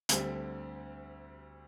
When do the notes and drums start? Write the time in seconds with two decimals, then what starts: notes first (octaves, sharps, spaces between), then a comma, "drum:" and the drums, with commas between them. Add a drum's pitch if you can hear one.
0.09 D2 D3 G3 C4, drum: hi-hat